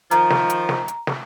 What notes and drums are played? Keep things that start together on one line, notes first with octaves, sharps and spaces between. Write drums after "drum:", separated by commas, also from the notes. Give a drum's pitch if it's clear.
D#3 F3 A#5, drum: hi-hat
drum: snare
drum: hi-hat
drum: snare
drum: hi-hat
drum: snare